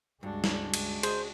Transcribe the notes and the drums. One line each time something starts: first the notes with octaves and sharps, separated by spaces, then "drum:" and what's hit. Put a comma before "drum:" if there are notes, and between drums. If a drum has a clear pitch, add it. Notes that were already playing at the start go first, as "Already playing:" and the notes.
C#2 G2 G#3 D4 F#4
drum: snare
drum: cymbal
G#4 C5 D#5, drum: cymbal